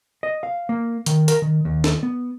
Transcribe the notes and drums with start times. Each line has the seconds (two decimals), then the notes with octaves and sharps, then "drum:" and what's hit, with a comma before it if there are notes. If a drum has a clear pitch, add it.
0.23 D#5
0.43 F5
0.69 A#3
1.06 D#3, drum: hi-hat
1.28 A#4, drum: hi-hat
1.42 D#3
1.65 D#2
1.84 drum: snare
2.03 B3